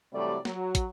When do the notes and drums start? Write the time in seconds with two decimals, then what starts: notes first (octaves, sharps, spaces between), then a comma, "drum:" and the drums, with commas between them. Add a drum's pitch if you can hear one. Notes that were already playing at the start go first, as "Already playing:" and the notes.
0.13 C3 E3 F#3 G3 A3 D5
0.45 F#3, drum: snare
0.75 drum: kick, hi-hat